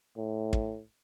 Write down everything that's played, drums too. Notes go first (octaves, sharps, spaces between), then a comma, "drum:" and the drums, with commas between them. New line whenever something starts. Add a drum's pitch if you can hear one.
A2
drum: kick